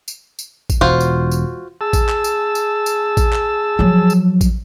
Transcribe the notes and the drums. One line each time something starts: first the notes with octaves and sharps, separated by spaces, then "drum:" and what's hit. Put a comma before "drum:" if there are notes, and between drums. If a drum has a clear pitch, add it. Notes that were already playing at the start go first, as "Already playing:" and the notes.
drum: tambourine
drum: tambourine
drum: kick A1, tambourine
E1 F4 F#4 C5
drum: tambourine
drum: tambourine
G#4 A5 E6
drum: kick A1, tambourine
drum: clap
drum: tambourine
drum: tambourine
drum: tambourine
drum: kick A1, tambourine
drum: clap
F3 F#3
drum: tambourine
drum: kick A1, tambourine